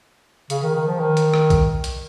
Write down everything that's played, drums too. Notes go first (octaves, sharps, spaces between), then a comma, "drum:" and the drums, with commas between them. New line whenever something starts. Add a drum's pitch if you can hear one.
C#3, drum: hi-hat
D#3
D#3
F3
D#3
drum: hi-hat
drum: rim click
drum: kick B1, hi-hat
drum: hi-hat